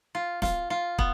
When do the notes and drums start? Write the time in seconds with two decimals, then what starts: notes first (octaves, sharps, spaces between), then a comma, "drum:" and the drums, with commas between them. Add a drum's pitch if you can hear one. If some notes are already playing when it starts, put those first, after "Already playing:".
0.15 F4
0.42 F4, drum: snare
0.70 F4
0.98 B3, drum: kick